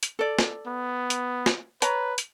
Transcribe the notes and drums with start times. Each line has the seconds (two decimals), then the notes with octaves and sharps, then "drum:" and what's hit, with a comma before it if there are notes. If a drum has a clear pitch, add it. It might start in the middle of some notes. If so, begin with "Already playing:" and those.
0.03 drum: hi-hat
0.19 A4 D5
0.39 drum: snare
0.67 B3
1.10 drum: hi-hat
1.46 drum: snare
1.82 B4 C#5 A#5, drum: hi-hat
2.18 drum: hi-hat